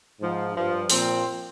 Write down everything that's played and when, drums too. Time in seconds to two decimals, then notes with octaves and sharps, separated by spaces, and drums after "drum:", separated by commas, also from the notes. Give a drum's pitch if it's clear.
0.20 G#2 F3
0.54 G2 F3
0.90 A#2 F3 C4, drum: open hi-hat